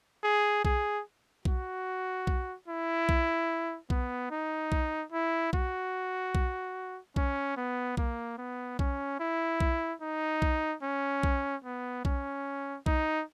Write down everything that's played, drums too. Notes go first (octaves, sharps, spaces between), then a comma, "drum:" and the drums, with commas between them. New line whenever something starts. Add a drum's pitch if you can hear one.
G#4
G#4, drum: kick B1
F#4, drum: kick B1
drum: kick B1
E4
drum: kick B1
B3, drum: kick B1
D#4
drum: kick B1
E4
F#4, drum: kick B1
drum: kick B1
C#4, drum: kick B1
B3
A#3, drum: kick B1
B3
C#4, drum: kick B1
E4
drum: kick B1
D#4
drum: kick B1
C#4
drum: kick B1
B3
C#4, drum: kick B1
D#4, drum: kick B1